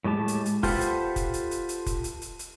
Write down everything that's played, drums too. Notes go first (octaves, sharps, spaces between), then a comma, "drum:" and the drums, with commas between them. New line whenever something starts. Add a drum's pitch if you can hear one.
A2 G#3 G4 A5
drum: hi-hat
drum: hi-hat
F4 G4 A4 B4 C5 F#5, drum: kick, open hi-hat
drum: hi-hat
drum: kick, hi-hat
drum: hi-hat
drum: hi-hat
drum: hi-hat
drum: kick, hi-hat
drum: hi-hat
drum: hi-hat
drum: hi-hat